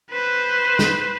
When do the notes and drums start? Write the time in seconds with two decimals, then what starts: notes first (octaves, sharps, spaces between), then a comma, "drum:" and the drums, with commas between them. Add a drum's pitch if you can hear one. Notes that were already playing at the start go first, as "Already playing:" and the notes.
0.11 B4 C5
0.79 drum: snare